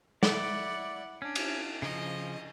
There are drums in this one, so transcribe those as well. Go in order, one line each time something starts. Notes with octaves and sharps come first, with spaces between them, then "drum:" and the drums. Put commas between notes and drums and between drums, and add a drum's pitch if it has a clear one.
E4 D5 F#5, drum: snare
C#4 D4
drum: cymbal
C#3 F3 D#5